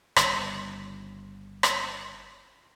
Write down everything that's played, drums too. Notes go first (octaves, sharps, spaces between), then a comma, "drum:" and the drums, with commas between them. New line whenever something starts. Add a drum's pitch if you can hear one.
G1 C#3, drum: rim click
drum: rim click